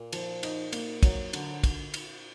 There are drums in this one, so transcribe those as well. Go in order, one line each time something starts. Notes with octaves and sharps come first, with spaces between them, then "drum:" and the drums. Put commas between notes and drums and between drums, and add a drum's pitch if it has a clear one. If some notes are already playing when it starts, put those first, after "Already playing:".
Already playing: A#2
F3, drum: cymbal
D#4, drum: cymbal
A#3, drum: cymbal
F#3, drum: kick, cymbal
D3, drum: cymbal
drum: kick, cymbal
drum: cymbal